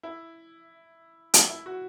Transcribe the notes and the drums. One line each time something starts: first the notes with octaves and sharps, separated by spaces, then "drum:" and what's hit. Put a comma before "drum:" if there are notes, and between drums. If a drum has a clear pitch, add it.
E4
E4, drum: hi-hat
E4
F#4